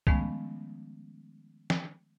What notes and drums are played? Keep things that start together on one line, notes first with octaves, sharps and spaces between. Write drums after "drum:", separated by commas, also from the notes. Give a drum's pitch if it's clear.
D#3 F3 G#3 A3 B3 C#4, drum: kick
drum: snare